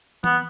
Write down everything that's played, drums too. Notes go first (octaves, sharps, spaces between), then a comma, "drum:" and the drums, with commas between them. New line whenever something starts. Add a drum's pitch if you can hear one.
B3, drum: tom E3